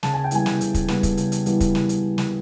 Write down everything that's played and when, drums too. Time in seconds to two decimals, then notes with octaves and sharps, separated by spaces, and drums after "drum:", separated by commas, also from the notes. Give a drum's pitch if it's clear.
0.03 C#3 A5, drum: snare
0.14 G#5
0.24 G5
0.31 E3 G3 B3 G#5, drum: hi-hat
0.46 drum: snare
0.61 C#3, drum: hi-hat
0.74 drum: kick, hi-hat
0.88 E3 G3 B3, drum: snare
1.03 drum: kick, hi-hat
1.17 C#3, drum: hi-hat
1.32 drum: hi-hat
1.46 E3 G3 B3, drum: hi-hat
1.60 drum: kick, hi-hat
1.75 drum: snare
1.89 drum: hi-hat
2.18 drum: snare